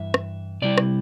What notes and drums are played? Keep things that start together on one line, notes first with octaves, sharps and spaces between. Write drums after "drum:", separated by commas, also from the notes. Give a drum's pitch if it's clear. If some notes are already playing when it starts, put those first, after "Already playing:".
Already playing: G2 E3 E5
drum: rim click
C3 G3 E4 D5
drum: rim click